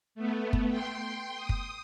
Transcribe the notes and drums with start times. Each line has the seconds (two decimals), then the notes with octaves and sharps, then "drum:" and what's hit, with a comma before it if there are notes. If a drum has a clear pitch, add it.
0.15 A3 B3
0.53 drum: kick
0.69 G5 C6
1.36 D#6
1.49 drum: kick